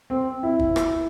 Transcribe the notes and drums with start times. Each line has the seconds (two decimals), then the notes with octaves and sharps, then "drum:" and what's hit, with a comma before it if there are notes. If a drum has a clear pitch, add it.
0.10 C4
0.43 E4
0.59 drum: kick
0.76 drum: rim click